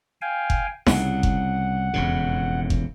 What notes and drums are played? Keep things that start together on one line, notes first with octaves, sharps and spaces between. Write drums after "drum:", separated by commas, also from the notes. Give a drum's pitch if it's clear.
F5 G5 G#5
drum: kick F#1
C2 C#3 F#5, drum: snare D#4
drum: kick F#1
E1 F2 C#3
drum: kick F#1